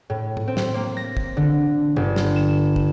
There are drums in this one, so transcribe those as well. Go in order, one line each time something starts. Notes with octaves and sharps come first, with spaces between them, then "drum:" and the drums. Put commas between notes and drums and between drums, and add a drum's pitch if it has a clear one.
A2
drum: tom G#2
C4
drum: snare
A#3
A#6
drum: kick
D3
G1, drum: tom
drum: snare
E7
drum: kick